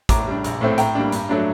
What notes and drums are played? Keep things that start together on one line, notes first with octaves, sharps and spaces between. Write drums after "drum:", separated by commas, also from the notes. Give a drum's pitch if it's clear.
A2 A#5 D6, drum: kick, hi-hat
G3 D4
A#1, drum: hi-hat
A2 A3 C4
A2 G5 A#5, drum: hi-hat
G3 A#3 D4
G2, drum: hi-hat
F#3 A3 D4